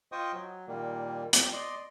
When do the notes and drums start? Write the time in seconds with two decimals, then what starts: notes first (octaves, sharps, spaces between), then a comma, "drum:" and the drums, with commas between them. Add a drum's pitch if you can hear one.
0.12 F4 C5 D#5 G5 C#6 D#6
0.33 F#3
0.68 A#2 D#3 G3 A#3
1.33 G3, drum: hi-hat
1.53 D5 D#5 C6